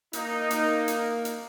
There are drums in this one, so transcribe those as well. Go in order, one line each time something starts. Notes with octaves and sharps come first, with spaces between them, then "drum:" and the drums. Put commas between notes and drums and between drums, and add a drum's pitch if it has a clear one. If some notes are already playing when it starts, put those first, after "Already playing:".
A#3 D#4, drum: hi-hat
A#3, drum: hi-hat
drum: hi-hat
drum: hi-hat